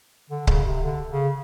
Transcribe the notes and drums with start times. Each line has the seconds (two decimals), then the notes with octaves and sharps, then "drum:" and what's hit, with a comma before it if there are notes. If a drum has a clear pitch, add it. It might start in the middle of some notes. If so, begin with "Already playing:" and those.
0.30 D3
0.47 C#3, drum: kick C#1
0.65 C3
0.82 D3
1.10 C#3